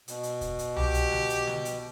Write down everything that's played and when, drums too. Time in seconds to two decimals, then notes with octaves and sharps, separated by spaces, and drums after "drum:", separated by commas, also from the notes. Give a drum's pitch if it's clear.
0.08 B2, drum: hi-hat
0.23 drum: hi-hat
0.41 drum: kick, hi-hat
0.59 drum: hi-hat
0.76 G4, drum: tom C2
0.94 drum: hi-hat
1.12 drum: snare
1.30 drum: hi-hat
1.47 drum: snare
1.65 drum: hi-hat